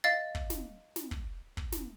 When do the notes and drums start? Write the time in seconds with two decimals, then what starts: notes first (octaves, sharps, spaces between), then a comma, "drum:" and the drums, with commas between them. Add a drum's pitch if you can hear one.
0.04 D#5 F5 A6
0.35 drum: kick
0.50 drum: snare
0.96 drum: snare
1.11 drum: kick
1.57 drum: kick
1.72 drum: snare